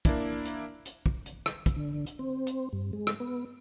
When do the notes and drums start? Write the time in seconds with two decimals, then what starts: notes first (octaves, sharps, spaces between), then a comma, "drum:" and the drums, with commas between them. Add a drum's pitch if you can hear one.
0.05 A#3 D4 E4, drum: kick, hi-hat
0.45 drum: hi-hat
0.86 drum: hi-hat
1.06 drum: kick
1.26 drum: hi-hat
1.46 drum: rim click
1.66 drum: kick, hi-hat
1.76 D3
2.06 drum: hi-hat
2.19 C4
2.47 drum: hi-hat
2.73 G2
2.93 G#3
3.07 drum: rim click
3.20 B3